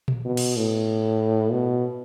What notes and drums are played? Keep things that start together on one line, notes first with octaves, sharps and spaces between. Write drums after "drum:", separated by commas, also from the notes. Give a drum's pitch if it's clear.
drum: tom A#2
B2
drum: cymbal
A2
B2